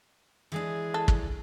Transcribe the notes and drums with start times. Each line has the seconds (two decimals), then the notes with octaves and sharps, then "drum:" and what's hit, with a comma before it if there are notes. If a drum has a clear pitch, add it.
0.52 E3 G#3 D4 G#4
0.94 A4
1.08 drum: kick